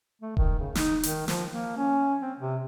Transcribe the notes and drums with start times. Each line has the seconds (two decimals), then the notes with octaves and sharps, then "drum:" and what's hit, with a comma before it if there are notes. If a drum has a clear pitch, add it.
0.22 A3
0.37 D#3, drum: kick D#1
0.59 C#3
0.75 D#4, drum: snare
1.03 D#3, drum: hi-hat
1.28 F3, drum: snare
1.51 A#3
1.77 C#4
2.21 C4
2.39 C3